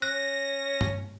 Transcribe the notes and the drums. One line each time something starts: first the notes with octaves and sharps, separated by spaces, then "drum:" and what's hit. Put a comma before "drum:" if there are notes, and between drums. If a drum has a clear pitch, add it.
C#4 F#6 A#6
drum: tom G2